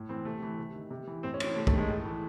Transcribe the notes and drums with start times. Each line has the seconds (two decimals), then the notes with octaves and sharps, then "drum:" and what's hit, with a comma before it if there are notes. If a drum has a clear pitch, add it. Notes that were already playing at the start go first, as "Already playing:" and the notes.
Already playing: A2
0.09 E3 C4
0.25 C3 A3
0.43 E3
0.58 C3
0.74 D#3
0.90 C3
1.07 E3
1.23 A2 C4
1.34 C#4
1.40 E3, drum: cymbal
1.56 C3 A3
1.67 A3, drum: kick
1.72 D#3
1.78 G#3
1.89 A2 A3
2.05 E3